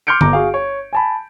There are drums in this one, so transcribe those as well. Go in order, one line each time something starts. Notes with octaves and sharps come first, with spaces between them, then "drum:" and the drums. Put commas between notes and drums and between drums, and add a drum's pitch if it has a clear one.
C6 D6 F6 G6 C#7 D7
G1 A#5 D6, drum: tom D3
F#4 G#4 F5
C#5
G#5 A5 B5